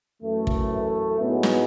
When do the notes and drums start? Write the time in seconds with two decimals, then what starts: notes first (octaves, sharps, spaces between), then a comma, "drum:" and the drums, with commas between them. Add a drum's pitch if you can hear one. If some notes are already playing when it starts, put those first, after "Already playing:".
0.22 F#2 E3 A3
0.47 drum: kick
1.19 A2 F#3 B3 D#4 G#4
1.43 drum: snare